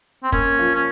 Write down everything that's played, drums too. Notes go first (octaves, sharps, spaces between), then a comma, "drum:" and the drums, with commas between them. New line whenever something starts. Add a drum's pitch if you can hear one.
C4
A#3 C#4, drum: kick, hi-hat
F3
C#4